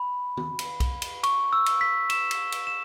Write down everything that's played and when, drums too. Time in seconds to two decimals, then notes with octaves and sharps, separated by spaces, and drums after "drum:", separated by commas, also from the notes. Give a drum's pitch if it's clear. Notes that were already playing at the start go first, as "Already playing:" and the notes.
Already playing: B5
0.37 drum: tom
0.59 drum: cymbal
0.80 drum: kick B1, cymbal
1.02 drum: cymbal
1.23 C#6, drum: cymbal
1.53 E6
1.66 drum: cymbal
1.81 B6
2.10 E7, drum: cymbal
2.31 drum: cymbal
2.52 drum: cymbal
2.67 E7